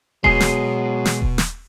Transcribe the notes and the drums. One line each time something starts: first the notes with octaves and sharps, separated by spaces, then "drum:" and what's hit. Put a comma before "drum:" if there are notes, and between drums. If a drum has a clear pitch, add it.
B2 F#3 G#3 G#4 C7, drum: kick D#1
drum: snare
drum: snare
drum: kick D#1
drum: snare